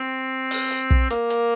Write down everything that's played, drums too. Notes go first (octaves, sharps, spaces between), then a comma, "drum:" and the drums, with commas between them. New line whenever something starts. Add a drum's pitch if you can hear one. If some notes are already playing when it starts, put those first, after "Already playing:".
Already playing: C4
drum: open hi-hat
drum: hi-hat
drum: kick
A#3, drum: hi-hat
drum: hi-hat